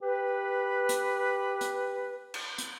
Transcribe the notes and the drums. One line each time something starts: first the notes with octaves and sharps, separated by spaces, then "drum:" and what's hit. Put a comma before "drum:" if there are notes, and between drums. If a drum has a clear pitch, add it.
G4 B4
drum: hi-hat
drum: hi-hat
drum: cymbal
drum: hi-hat